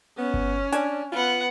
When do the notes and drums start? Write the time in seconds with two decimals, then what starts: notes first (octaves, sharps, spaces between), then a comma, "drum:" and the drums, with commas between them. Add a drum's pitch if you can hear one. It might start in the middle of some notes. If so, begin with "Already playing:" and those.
0.18 B3 C#4
0.34 drum: kick G1
0.72 D4 G#5, drum: hi-hat
1.12 B3 F4 F#5